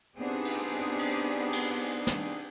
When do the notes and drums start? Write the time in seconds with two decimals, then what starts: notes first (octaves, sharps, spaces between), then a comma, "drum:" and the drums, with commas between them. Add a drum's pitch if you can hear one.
0.18 B3 C4 D4 D#4 G4 G#4
0.45 drum: cymbal
0.99 drum: cymbal
1.53 drum: cymbal
2.07 drum: snare